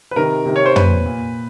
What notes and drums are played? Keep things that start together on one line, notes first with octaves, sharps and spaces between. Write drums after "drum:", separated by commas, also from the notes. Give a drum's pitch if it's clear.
B4
C3 D#3 A#4
C3 D#3
C#5
C5
A#2 B4, drum: tom
A#2